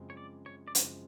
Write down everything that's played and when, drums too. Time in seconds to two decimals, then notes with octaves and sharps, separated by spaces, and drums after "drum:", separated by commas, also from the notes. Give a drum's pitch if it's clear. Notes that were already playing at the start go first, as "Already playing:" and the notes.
Already playing: F#2 C#3 F3 G#3 C4
0.10 C#5
0.17 D5
0.46 C#5
0.68 D5
0.75 F#2 C#3 F3 G#3 C4 C#5, drum: hi-hat